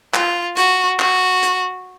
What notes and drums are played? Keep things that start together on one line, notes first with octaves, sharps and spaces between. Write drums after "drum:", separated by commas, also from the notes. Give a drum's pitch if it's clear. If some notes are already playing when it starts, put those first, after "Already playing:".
F4, drum: clap
F#4, drum: hi-hat
F#4, drum: clap
drum: hi-hat